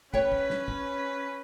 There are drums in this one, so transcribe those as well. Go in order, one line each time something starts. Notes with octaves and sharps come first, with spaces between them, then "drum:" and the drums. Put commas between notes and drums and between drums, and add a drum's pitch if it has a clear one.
C#4 B4 C#5 G5, drum: kick
drum: kick
drum: snare
drum: kick